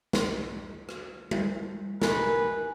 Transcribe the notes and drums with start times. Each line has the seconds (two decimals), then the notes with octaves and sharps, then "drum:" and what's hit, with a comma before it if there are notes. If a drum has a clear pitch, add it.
0.13 drum: snare
0.89 drum: rim click
1.31 drum: tom G3
2.02 C3 D#3 A#4 B4 G#5, drum: snare